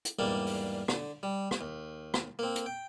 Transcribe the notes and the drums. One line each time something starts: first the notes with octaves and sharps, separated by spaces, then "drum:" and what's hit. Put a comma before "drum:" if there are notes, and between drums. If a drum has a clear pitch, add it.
drum: hi-hat
E2 G#2 G3 A#3 D4
drum: open hi-hat
D3, drum: rim click
G3
drum: rim click
D#2
drum: rim click
A#3 C4
drum: hi-hat
G5